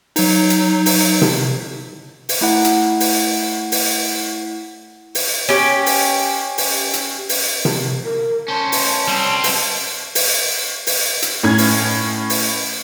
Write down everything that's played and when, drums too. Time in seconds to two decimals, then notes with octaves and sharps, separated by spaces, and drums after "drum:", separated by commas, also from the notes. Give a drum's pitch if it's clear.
0.16 F#3 D#4, drum: open hi-hat
0.50 drum: hi-hat
0.86 drum: open hi-hat
1.22 drum: tom C3
2.29 drum: open hi-hat
2.41 A3 E4 F#5
2.65 drum: hi-hat
3.00 drum: open hi-hat
3.72 drum: open hi-hat
5.15 drum: open hi-hat
5.49 C#4 G4
5.86 drum: open hi-hat
6.58 drum: open hi-hat
6.93 drum: hi-hat
7.29 drum: open hi-hat
7.65 drum: tom C3
8.04 A#4
8.48 C#4 C5 A5
8.72 drum: open hi-hat
9.08 G3 C4
9.44 drum: open hi-hat
10.15 drum: open hi-hat
10.87 drum: open hi-hat
11.22 drum: hi-hat
11.43 A2 C#4 G#6
11.58 drum: open hi-hat
12.30 drum: open hi-hat